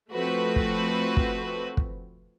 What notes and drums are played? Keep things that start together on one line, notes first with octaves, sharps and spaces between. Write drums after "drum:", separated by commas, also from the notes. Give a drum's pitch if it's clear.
F3 A3 C4 F#4 B4
drum: kick
drum: kick
drum: kick